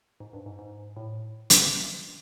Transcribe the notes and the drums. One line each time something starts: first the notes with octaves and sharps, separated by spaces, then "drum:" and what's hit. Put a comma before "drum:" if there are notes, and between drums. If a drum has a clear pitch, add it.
G#2
G2
G#2
G#2
A2
drum: hi-hat